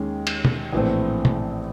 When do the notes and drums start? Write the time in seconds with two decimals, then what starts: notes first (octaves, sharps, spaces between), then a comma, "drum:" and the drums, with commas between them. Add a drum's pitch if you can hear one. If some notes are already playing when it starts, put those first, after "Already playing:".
Already playing: D#2 D#3 G#3 C#4
0.27 drum: cymbal
0.45 drum: tom
0.73 A#1 A2 E3 A3 C4
1.25 drum: tom